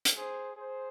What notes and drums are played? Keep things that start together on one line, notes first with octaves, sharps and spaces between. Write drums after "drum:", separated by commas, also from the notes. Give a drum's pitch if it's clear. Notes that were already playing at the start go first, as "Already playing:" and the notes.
drum: hi-hat
G#4 C5
G#4 C5